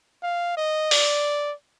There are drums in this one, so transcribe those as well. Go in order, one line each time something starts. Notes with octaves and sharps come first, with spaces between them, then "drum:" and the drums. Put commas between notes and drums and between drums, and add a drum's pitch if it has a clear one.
F5
D#5
D5, drum: open hi-hat